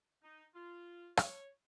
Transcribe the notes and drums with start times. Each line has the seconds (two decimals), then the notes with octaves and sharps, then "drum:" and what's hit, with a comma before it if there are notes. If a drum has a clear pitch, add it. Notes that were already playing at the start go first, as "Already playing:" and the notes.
0.24 D#4
0.54 F4
1.17 C#5, drum: rim click